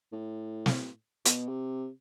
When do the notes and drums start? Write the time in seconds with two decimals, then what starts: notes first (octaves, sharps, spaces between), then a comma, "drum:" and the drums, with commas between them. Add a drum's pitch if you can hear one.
0.13 A2
0.66 drum: snare
1.25 B2, drum: hi-hat
1.48 C3